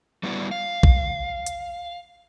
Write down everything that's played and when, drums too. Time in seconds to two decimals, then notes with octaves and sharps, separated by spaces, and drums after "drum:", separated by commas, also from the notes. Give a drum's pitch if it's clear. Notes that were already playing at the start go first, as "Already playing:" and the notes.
0.23 G3 B3 E4 F#4 D5
0.51 F5
0.83 drum: kick
1.46 drum: hi-hat